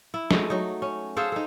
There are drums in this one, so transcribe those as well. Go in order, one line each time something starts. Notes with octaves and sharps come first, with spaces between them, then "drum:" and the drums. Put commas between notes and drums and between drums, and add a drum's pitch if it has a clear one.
E4
G#3 A3, drum: snare
F#3 D#4
C#4
G#4 A4 C5 F5
D#4 A4